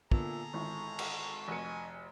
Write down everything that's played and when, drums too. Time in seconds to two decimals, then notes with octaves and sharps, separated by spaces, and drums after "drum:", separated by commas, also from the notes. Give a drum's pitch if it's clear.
0.11 A#2 D3 B3 G#4 A4 E5 A#5, drum: kick
0.54 G#1 D#3 E4 F4 C#6
0.99 drum: cymbal
1.48 F1 F#4 A#4 D#5 G#5 C#7